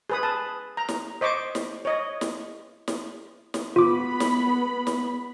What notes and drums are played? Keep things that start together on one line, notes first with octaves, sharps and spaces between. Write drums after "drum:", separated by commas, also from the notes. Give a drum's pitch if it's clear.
G#4 B4 D#6
A5
A#5
drum: snare
C5 D#5 C#6 D6
drum: snare
C#5 D#5
drum: snare
drum: snare
drum: snare
B3 F4 B5 D6
drum: snare
drum: snare